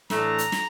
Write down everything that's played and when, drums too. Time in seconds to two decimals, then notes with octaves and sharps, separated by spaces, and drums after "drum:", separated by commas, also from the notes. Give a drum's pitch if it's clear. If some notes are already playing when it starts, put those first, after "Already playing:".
0.10 A2 E3 A3 D4 A#5, drum: snare
0.38 drum: hi-hat
0.52 drum: snare